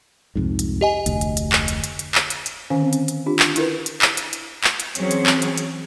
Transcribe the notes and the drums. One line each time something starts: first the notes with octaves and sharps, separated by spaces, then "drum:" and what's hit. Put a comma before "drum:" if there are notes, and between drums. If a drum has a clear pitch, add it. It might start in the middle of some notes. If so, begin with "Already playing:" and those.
C2 F2 G#2
drum: hi-hat
G4 D#5 G#5
F1 D2, drum: hi-hat
drum: hi-hat
drum: hi-hat
drum: clap
drum: hi-hat
drum: hi-hat
drum: hi-hat
drum: clap
drum: hi-hat
drum: hi-hat
D3 D#3 C#4 F5 G#5
C4
drum: hi-hat
drum: hi-hat
D4 F4 G4
drum: clap
E4 A#4 B4, drum: hi-hat
drum: hi-hat
drum: clap
drum: hi-hat
drum: hi-hat
drum: clap
drum: hi-hat
E3 F#3 C4 C#4 G#4, drum: hi-hat
drum: hi-hat
drum: clap
drum: hi-hat
drum: hi-hat